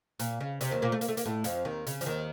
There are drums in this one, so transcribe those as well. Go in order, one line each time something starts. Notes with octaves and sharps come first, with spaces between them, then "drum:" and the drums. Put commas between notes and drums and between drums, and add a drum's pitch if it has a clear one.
A#2, drum: hi-hat
C#3
C3, drum: hi-hat
D#2 D#3
A#2 A#3
A3
A#3, drum: hi-hat
A3
A#3, drum: hi-hat
A2 A3
F2 F3, drum: hi-hat
D#2 D#3
C#3, drum: hi-hat
F3, drum: hi-hat
D#2 D#3